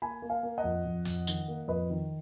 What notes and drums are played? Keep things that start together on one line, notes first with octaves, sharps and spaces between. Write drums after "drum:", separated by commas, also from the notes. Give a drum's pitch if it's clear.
A#3 G#5 B5
A#3
F5 G#5
A#3
D#5 F#5
F2
F2
F2, drum: open hi-hat
D#3, drum: tambourine
A#3
F2 B4 D#5
D#3